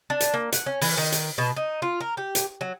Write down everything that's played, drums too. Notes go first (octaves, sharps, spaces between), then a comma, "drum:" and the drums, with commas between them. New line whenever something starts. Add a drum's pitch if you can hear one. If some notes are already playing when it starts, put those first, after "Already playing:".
D4
drum: hi-hat
A#3
F#5, drum: hi-hat
C#4
E3, drum: open hi-hat
D#3
drum: hi-hat
B2
D#4
F4
A#4
G4
drum: hi-hat
F#3